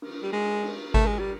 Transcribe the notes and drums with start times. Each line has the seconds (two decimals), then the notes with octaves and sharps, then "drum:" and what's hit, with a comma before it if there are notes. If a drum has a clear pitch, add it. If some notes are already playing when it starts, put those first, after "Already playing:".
0.02 drum: cymbal
0.23 G3
0.33 G#3
0.64 drum: cymbal
0.94 A3, drum: kick G#1
1.06 G#3
1.19 G3